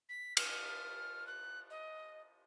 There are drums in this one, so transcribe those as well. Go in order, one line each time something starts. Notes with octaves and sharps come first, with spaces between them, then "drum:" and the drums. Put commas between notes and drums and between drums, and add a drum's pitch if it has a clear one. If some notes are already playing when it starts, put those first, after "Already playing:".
B6
F6, drum: cymbal
F#6
D#5